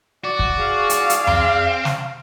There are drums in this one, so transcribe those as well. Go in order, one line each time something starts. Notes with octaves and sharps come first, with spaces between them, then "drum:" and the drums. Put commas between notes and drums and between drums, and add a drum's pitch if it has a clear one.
F#4 D5
drum: kick
G#4 F5
drum: hi-hat
drum: hi-hat
C4, drum: tom F2
drum: snare